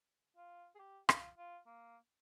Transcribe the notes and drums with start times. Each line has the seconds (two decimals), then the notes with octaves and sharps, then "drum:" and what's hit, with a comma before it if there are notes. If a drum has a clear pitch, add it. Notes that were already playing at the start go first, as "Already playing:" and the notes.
0.36 F4
0.75 G#4
0.79 G4
1.09 F4, drum: rim click
1.38 F4
1.66 A#3